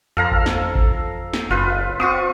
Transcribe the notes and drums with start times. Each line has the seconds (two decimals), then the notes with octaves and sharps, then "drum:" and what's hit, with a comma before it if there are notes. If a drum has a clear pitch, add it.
0.17 F2 A4 F5 A#5
0.31 drum: kick G#1
0.46 drum: snare
0.75 drum: kick G#1
1.33 drum: snare
1.51 F#1 F4 B4
2.00 C4 F4 C#6 D#6